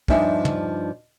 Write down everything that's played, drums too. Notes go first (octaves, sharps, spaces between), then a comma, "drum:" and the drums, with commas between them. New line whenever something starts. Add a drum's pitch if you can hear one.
G2 F3 D4 D#4 E5 G#5, drum: kick
drum: tom